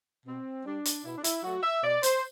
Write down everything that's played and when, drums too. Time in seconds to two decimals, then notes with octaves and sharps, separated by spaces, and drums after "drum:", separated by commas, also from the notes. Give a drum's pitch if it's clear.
0.26 B2 C4
0.65 G3 D4
0.85 drum: hi-hat
1.05 B2 E4
1.18 D4
1.24 E4, drum: hi-hat
1.44 F#3 A3 F#4
1.63 E5
1.83 B2 D5
2.03 C5, drum: hi-hat